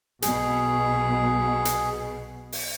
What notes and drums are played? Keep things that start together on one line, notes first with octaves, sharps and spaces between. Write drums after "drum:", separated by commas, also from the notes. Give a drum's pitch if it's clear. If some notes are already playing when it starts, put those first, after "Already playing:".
B1 B2 G#4, drum: hi-hat
drum: hi-hat
drum: open hi-hat